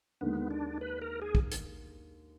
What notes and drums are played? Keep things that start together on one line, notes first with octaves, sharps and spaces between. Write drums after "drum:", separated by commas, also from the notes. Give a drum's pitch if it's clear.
D#2 D3 G#3 B3 D#4
D4
B4
A#4
G#4
drum: kick
drum: hi-hat